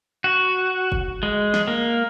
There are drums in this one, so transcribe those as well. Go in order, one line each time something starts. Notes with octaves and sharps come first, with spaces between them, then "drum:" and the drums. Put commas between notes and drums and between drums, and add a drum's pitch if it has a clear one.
F#4
drum: kick
G#3
drum: snare
A#3